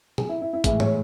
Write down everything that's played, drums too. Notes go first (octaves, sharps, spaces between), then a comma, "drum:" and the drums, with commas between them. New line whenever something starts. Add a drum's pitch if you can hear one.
G#4, drum: tom
E4
E4
E4
A2 E3 G#3 E4, drum: kick, hi-hat
C#5, drum: tom